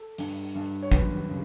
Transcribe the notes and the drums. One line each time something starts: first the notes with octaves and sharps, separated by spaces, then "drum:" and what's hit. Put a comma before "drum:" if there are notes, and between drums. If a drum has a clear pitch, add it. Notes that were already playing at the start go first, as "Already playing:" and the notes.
Already playing: A4
G2, drum: hi-hat
G2
C#5
F#2 B4, drum: kick
C#3